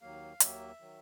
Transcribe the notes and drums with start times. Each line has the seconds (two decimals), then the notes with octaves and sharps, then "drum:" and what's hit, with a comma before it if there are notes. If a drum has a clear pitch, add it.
0.02 D#2 D#3 F#3 A#3 F5
0.40 D#2 D#3 F#3 A#3 E5, drum: hi-hat
0.80 D#3 F#3